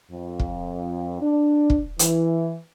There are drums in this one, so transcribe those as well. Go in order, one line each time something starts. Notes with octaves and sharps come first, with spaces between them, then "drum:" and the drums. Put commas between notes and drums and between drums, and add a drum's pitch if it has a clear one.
F2
drum: kick
D4
drum: kick
E3, drum: hi-hat